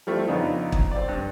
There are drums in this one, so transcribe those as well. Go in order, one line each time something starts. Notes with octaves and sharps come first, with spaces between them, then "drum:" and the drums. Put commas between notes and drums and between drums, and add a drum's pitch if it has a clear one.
F3 G3 A3 C4 E4
F2 C#3 B3 D4 D#4
drum: kick
C4 D5
G2